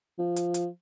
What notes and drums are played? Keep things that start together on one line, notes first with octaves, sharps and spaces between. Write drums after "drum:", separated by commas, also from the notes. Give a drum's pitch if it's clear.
F3
drum: hi-hat
drum: hi-hat